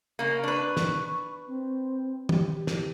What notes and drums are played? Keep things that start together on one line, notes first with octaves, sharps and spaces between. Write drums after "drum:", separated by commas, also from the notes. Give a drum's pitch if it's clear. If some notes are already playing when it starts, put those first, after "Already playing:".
C#3 A#3
D4 B4 C#6
drum: snare
C4
G4, drum: tom
drum: snare